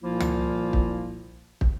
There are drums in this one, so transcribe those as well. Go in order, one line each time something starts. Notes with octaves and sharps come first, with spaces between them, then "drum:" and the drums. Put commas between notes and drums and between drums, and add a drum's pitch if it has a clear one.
C2 A#2 F3 A#3 E4 F4
drum: tom
drum: kick
drum: kick